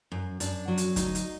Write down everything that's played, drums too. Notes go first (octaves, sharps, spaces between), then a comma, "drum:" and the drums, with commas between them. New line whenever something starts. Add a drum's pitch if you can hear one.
F#2
F#2 D4, drum: hi-hat
F#3
drum: hi-hat
D2 D#4, drum: kick, hi-hat
drum: hi-hat